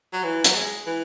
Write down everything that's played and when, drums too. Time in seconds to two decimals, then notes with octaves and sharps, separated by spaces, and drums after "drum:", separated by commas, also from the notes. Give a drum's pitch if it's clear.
0.13 F#3
0.24 E3
0.44 F#3, drum: hi-hat
0.55 G#3
0.86 E3